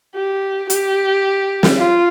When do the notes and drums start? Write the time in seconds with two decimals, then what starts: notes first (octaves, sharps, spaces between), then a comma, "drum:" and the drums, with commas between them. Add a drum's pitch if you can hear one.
0.15 G4
0.70 G4, drum: hi-hat
1.63 drum: snare
1.77 F4